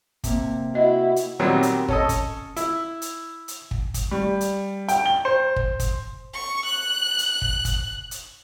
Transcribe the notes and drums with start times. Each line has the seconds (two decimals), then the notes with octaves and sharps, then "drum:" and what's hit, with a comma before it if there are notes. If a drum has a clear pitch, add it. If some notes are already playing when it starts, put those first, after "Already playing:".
0.24 C3 A#3, drum: kick, hi-hat
0.75 E4 F#4 D#5
1.16 drum: hi-hat
1.40 A#2 D#3 F#3 G3 B3 C4
1.63 drum: hi-hat
1.88 C#4 A4 D#5, drum: kick
2.09 drum: kick, hi-hat
2.56 E4, drum: hi-hat
3.02 drum: hi-hat
3.48 drum: hi-hat
3.71 drum: kick
3.94 drum: kick, hi-hat
4.11 G3
4.41 drum: hi-hat
4.88 G5, drum: hi-hat
5.06 G7
5.25 C5
5.56 drum: kick
5.80 drum: kick, hi-hat
6.33 C#6
6.65 F#6
7.18 drum: hi-hat
7.42 drum: kick
7.65 drum: kick, hi-hat
8.11 drum: hi-hat